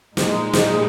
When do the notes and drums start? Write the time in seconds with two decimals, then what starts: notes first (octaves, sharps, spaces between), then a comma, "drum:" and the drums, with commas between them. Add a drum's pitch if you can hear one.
0.17 A#2 G#3 D#4, drum: snare
0.53 drum: snare